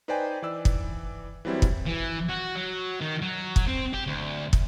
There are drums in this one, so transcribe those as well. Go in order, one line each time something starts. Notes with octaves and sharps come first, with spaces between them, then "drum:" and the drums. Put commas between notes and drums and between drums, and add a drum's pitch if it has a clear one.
D#4 B4 C5 D5 G5 G#5
E3 D5 E6
drum: kick
E3 F#3 G3 C4 E4
drum: kick
E3
F#4
F#3
D#3
F#3
drum: kick
C4
G4
D2
drum: kick